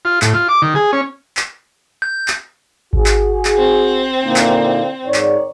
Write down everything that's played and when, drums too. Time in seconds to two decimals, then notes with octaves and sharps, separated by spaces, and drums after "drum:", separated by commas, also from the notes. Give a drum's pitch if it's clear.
0.05 F4
0.22 A2, drum: clap
0.34 F4
0.49 D6
0.62 D#3
0.75 G#4
0.93 C#4
1.37 drum: clap
2.02 G6
2.28 drum: clap
2.93 F#4 G#4, drum: kick G#1
3.06 drum: clap
3.45 drum: clap
3.56 C4
4.23 A#2 D3 A#3 D#4 E4
4.36 drum: clap
5.05 G#2 D#3 C#5 D5
5.14 drum: clap